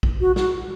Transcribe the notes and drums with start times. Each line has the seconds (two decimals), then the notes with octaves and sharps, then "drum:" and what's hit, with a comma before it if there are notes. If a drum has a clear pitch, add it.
0.03 drum: kick A#1
0.21 F#4
0.36 F#4, drum: snare